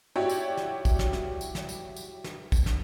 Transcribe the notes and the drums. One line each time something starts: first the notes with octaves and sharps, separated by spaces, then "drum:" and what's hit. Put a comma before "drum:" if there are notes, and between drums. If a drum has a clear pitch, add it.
E4 F#4 G4 C#5 D5
drum: tambourine
drum: snare
drum: kick, tambourine
drum: snare
drum: snare
drum: tambourine
drum: snare
drum: tambourine
drum: tambourine
drum: snare
drum: kick, tambourine
drum: snare